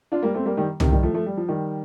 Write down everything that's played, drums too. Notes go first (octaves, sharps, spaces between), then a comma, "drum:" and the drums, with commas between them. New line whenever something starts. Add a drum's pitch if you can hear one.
D4 F4
G3 A#3
A3 C4
G3 A#3
D#3 G3
C3 D#3, drum: tom C2
D#3 G3
F3 A3
F3 A3
G3
F3
D#3 G3